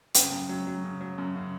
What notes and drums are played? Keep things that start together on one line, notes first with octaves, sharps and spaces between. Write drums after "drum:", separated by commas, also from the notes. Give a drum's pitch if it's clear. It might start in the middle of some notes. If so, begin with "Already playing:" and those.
C#3 G5, drum: hi-hat
F#2
F#3
F#3
C#3
F#3
F#2
C#3